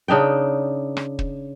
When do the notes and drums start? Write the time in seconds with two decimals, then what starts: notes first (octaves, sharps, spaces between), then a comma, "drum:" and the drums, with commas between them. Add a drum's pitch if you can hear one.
0.08 C#3 D4 D#4 G5
0.97 drum: rim click
1.19 drum: kick